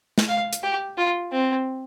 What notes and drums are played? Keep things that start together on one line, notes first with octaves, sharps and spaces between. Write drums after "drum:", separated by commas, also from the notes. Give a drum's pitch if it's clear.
drum: snare
F5
drum: hi-hat
G4
F4
C4